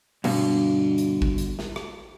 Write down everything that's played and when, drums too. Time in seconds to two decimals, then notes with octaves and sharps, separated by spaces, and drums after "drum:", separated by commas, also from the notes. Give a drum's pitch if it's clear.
0.24 G2 B2 D3, drum: cymbal
0.98 drum: hi-hat
1.22 drum: kick G#1
1.38 drum: hi-hat
1.59 drum: snare
1.76 drum: rim click